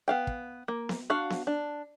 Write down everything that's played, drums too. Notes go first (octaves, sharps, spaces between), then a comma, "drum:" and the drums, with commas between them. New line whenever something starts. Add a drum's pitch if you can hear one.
B3 F5 G5
drum: kick
A#3
drum: snare B3
D4 F#4 F5
drum: snare B3
D4